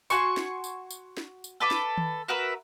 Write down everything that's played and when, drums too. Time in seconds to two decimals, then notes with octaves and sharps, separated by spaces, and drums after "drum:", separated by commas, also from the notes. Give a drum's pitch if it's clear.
0.10 F#4 G#5 C6 C#6, drum: tambourine
0.37 drum: snare
0.64 drum: tambourine
0.91 drum: tambourine
1.17 drum: snare
1.44 drum: tambourine
1.60 A4 B4 D6
1.71 drum: snare
1.98 drum: tom D#3
2.28 F#4 A#4 B4 E5